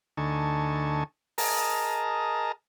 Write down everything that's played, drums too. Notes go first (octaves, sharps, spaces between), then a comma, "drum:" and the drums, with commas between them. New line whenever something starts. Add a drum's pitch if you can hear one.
D2 D3 D#4 G#5 A5 C#6
G#4 A#4 D#5 A5 A#5, drum: open hi-hat